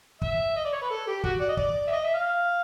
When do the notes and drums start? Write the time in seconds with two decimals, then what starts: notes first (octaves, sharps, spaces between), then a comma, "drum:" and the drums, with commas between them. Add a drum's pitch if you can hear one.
0.22 E5, drum: kick
0.56 D#5
0.65 D5
0.73 C#5
0.82 B4
0.90 A4
1.07 G4
1.24 F#4, drum: kick
1.41 D5
1.49 D#5
1.57 D5, drum: kick
1.87 E5
1.92 D#5
2.03 E5
2.14 F5